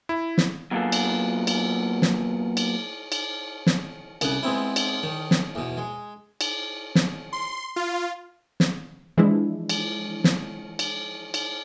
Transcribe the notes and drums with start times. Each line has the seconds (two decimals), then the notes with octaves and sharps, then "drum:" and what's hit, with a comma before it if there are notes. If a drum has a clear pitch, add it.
0.09 E4
0.38 drum: snare
0.71 F#3 A#3 B3 F4 G#4 A4
0.92 drum: cymbal
1.47 drum: cymbal
2.02 drum: snare
2.57 drum: cymbal
3.12 drum: cymbal
3.66 drum: snare
4.21 C2 C#3 F#5, drum: cymbal
4.43 G#3 B3 C4 E4
4.76 drum: cymbal
5.03 D#3
5.31 drum: snare
5.55 E2 B2
5.77 G#3
6.41 drum: cymbal
6.95 drum: snare
7.33 C6
7.76 F4
8.60 drum: snare
9.17 E3 F3 G#3 D4 E4
9.69 drum: cymbal
10.24 drum: snare
10.79 drum: cymbal
11.34 drum: cymbal